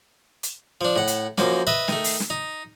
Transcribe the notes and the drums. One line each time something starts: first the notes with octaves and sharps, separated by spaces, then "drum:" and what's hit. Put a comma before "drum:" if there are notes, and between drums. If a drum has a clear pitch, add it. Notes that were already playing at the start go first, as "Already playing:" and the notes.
drum: hi-hat
F3 D4
A2 F#5
drum: hi-hat
F#2 F3 A#3, drum: snare
B4 D#5 E5
D#3 A3, drum: snare
drum: open hi-hat
drum: snare
D#4